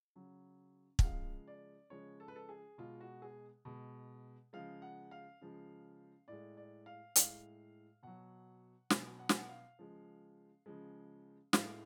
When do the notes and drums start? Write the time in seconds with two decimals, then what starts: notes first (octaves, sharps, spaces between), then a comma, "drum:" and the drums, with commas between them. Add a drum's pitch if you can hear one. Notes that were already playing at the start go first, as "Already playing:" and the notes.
0.16 C#3 F#3
0.99 F#5, drum: kick
1.03 C#3 F3 G#3 F5
1.47 D5
1.90 C#3 F3 G#3 C#5
2.20 A4
2.28 B4
2.36 A4
2.49 G#4
2.78 B2 G#3 F4
3.01 F#4
3.22 G#4
3.65 B2 G#3
4.53 C#3 F3 G#3 F5
4.82 F#5
5.11 F5
5.41 C#3 F3 G#3
6.28 A2 G#3 D5
6.57 D5
6.86 F5
7.16 A2 G#3 F5, drum: hi-hat
8.03 B2 F#3 F#5
8.90 B2 F#3 G#5, drum: snare
9.19 F#5
9.29 G#5, drum: snare
9.37 F#5
9.49 F5
9.79 C#3 F3 G#3
10.66 C#3 F3 G#3
11.53 A2 G#3 F5, drum: snare